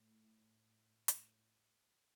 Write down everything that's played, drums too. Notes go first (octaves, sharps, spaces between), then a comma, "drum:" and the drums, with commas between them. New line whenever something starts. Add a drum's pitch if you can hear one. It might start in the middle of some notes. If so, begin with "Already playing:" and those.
Already playing: A2
A2, drum: hi-hat